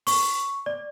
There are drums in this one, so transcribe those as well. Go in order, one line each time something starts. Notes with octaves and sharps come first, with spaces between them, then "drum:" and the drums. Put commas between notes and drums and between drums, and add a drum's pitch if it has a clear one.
C#6, drum: open hi-hat
D5